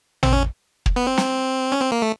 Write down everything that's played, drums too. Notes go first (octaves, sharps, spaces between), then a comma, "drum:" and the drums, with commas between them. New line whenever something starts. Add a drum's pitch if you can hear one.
C4, drum: tom A1
C#4
drum: kick
B3
C4
drum: snare
C#4
C4
A#3
A3